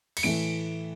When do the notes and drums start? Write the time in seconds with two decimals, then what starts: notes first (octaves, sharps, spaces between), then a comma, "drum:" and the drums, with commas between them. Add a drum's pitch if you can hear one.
0.17 C#7, drum: cymbal
0.23 A2 E3 A3 D7